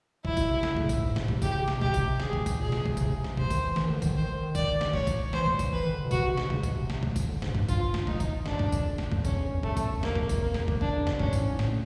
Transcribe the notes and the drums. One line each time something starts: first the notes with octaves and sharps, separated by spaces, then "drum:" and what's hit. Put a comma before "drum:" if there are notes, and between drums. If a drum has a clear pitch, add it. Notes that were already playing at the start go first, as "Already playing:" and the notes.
A#2 E4, drum: kick
B2, drum: kick, tambourine
C3
D3, drum: snare
C#3, drum: kick
A2, drum: kick, tambourine
G#2
A2, drum: snare
C3, drum: kick
C#3 G4, drum: kick, tambourine
C#3
C3, drum: snare
B2
C3 G4, drum: kick
drum: kick, tambourine
G#4, drum: snare
drum: kick
drum: kick, tambourine
A#2 G#4
C3
B2, drum: snare
C3, drum: kick
C#3, drum: kick, tambourine
C3
drum: snare
C3 C5, drum: kick
D#3, drum: kick, tambourine
E3
E3, drum: snare
D#3
D3
D#3, drum: kick, tambourine
D#3 C5
D#3
D5, drum: kick, tambourine
drum: snare
C#5, drum: kick
drum: kick, tambourine
E3 C5, drum: snare
drum: kick
drum: kick, tambourine
E3 B4
D#3
D3
B2
C3 F#4, drum: kick, tambourine
C3
drum: snare
C#3, drum: kick
B2, drum: kick, tambourine
C3
drum: snare
drum: kick
drum: kick, tambourine
D3
G#2, drum: snare
G2, drum: kick
F4, drum: kick, tambourine
drum: snare
D#4, drum: kick
drum: kick, tambourine
F#2 D4, drum: snare
F#2, drum: kick
F2, drum: kick, tambourine
E2
F2, drum: snare
F#2, drum: kick
E2
F2 C#4, drum: kick, tambourine
E2
F2
E2
A3, drum: kick
drum: kick, tambourine
E2
F2 A#3, drum: snare
E2, drum: kick
F2
E2, drum: kick, tambourine
F2 A#3
E2, drum: snare
F2, drum: kick
F2 D4, drum: kick
E2
F2, drum: snare
G2 C#4, drum: kick
G#2, drum: kick, tambourine
A2
G#2
A2, drum: snare